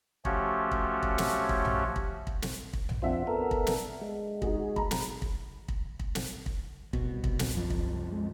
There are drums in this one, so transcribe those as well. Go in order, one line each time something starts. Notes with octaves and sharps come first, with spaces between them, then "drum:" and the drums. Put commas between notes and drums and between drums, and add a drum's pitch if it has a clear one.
F3 A3 C#4 F#4 G4 C#5, drum: kick
drum: kick
drum: kick
drum: snare
drum: kick
drum: tom A#1
drum: kick
drum: kick
drum: snare
drum: kick
drum: tom A#1
F2 C4 D4 F4 E5 F#5
B3 A4 A#4
drum: kick
drum: snare
G#3
D#4 F#4 G#4, drum: kick
A#5 B5, drum: kick
drum: snare
drum: kick
drum: kick
drum: kick
drum: snare
drum: kick
C2 B2, drum: kick
drum: kick
drum: snare
F#2 F3
drum: kick
G#3